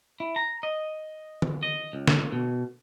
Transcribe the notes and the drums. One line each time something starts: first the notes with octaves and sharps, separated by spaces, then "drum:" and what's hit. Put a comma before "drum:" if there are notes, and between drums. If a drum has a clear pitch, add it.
E4
A#5
D#5
drum: tom
D#5
C#2
drum: snare
B2